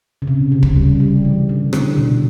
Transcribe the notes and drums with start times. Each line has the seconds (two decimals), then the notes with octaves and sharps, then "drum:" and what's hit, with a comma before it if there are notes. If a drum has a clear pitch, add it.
0.22 C#3
0.27 C3
0.52 C#3
0.63 drum: kick
0.76 G3
1.00 G3
1.25 E3
1.49 D3
1.73 D3, drum: rim click
1.98 B2